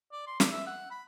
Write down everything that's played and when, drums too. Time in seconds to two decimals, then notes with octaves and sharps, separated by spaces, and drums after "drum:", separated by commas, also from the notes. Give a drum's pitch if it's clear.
0.12 D5
0.27 C6
0.40 D5, drum: snare
0.52 E5
0.67 F#5
0.91 B5